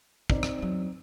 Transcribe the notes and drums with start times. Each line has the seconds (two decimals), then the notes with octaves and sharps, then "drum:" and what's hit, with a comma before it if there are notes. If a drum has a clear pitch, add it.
0.30 C2 C4 D#4 D5, drum: kick
0.43 drum: rim click
0.58 E2 F#3